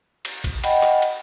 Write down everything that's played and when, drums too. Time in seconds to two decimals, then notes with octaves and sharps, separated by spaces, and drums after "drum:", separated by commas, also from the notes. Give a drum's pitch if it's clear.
0.25 drum: cymbal
0.44 drum: kick, cymbal
0.64 D#5 F#5 G5 B5, drum: cymbal
0.83 drum: clap
1.02 drum: cymbal